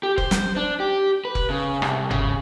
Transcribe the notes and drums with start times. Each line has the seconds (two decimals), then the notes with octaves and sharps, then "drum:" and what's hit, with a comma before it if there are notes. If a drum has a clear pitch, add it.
0.03 G4
0.18 C5, drum: kick F1
0.31 drum: snare
0.56 D4
0.80 G4
1.25 B4
1.35 drum: kick F1
1.50 C#3
1.82 C2, drum: rim click
2.10 C#3, drum: tom F#1